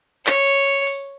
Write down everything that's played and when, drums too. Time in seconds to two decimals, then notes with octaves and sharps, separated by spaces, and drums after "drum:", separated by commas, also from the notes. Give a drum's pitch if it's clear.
0.27 C#5, drum: clap
0.47 drum: hi-hat
0.67 drum: hi-hat
0.87 drum: open hi-hat